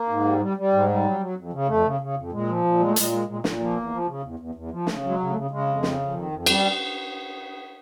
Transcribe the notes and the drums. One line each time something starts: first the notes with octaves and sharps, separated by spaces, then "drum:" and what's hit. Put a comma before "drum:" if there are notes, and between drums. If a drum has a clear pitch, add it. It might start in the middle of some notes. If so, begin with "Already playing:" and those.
Already playing: A#3
G#2
G3
G3
G3
G#2
G3
F#3
F#3
F2
C#3
F2 A3
C#3
C#3
F2
A#2 G#3
F3
A#2
G#3
A3
A#2 G#3, drum: hi-hat
G#3
A#2 G#3
A#2, drum: snare
F3 A#3
E2
F3
C#3
E2
E2
E2
F3
C#3 A3, drum: snare
F#3
G#3
C#3
A3
C#3
C#3 G#3
F2
C#3, drum: snare
F2
D#3
F2
G3, drum: cymbal